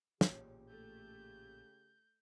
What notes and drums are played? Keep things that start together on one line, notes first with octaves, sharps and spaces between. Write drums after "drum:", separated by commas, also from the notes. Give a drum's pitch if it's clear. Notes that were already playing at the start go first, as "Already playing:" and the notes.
A1 A#2 C#3 G4, drum: snare
A3 G6